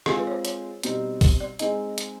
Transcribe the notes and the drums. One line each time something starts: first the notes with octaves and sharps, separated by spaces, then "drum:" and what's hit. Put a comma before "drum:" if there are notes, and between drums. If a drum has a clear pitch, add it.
G#3 C4 F4 G#4 A4, drum: rim click
B4
C#5
C5
C#5, drum: hi-hat
B2 G3 C4 D#4, drum: hi-hat
drum: kick, open hi-hat
D5
G#3 C4 D#4 D#5, drum: hi-hat
drum: hi-hat